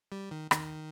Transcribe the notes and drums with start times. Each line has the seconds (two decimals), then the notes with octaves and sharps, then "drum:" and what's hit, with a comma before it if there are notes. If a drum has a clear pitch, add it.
0.12 G3
0.31 D#3
0.51 D#3, drum: rim click